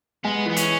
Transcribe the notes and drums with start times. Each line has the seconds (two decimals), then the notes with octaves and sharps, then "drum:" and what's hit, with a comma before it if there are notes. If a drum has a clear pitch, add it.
0.24 G#3 B3
0.46 E3 B3
0.56 C#4, drum: hi-hat